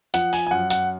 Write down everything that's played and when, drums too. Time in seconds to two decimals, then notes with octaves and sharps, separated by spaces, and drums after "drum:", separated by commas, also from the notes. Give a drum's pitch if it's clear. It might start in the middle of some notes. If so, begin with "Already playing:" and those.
0.14 F3 F#5, drum: hi-hat
0.33 G#5, drum: open hi-hat
0.47 G#5
0.51 F#2 F#5
0.70 F#5, drum: hi-hat